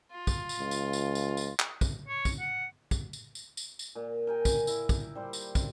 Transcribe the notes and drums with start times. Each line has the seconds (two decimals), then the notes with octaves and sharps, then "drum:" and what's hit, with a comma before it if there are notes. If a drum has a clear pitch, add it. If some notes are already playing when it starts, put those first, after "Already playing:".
0.12 F4
0.27 drum: kick, tambourine
0.49 drum: tambourine
0.59 C#2
0.71 drum: tambourine
0.93 drum: tambourine
1.15 drum: tambourine
1.37 drum: tambourine
1.59 drum: clap
1.81 drum: kick, tambourine
2.08 C#5
2.25 drum: kick, tambourine
2.39 F#5
2.91 drum: kick, tambourine
3.13 drum: tambourine
3.35 drum: tambourine
3.57 drum: tambourine
3.79 drum: tambourine
3.95 A#2
4.27 A#4 G5 G#5
4.45 drum: kick, tambourine
4.67 E4, drum: tambourine
4.89 drum: kick, tambourine
5.15 G3 G4 C5
5.33 drum: tambourine
5.55 drum: kick, tambourine